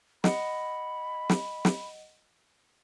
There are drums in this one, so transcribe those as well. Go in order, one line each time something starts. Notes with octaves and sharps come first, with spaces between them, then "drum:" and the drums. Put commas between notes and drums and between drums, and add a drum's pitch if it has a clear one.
D#5 F#5 B5, drum: snare
drum: snare
drum: snare